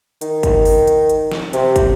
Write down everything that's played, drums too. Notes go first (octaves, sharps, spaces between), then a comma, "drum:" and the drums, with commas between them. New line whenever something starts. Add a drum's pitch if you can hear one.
D#3, drum: hi-hat
drum: kick, hi-hat
drum: open hi-hat
drum: hi-hat
drum: hi-hat
drum: snare
C3, drum: hi-hat
drum: kick, hi-hat